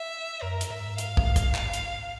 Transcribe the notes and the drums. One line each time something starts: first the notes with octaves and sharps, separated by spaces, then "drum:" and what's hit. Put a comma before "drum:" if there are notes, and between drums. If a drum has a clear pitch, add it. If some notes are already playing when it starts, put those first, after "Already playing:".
Already playing: E5
F#2 A#4
drum: hi-hat
G#2 E5
F5, drum: hi-hat
drum: kick
drum: kick, hi-hat
drum: clap
drum: hi-hat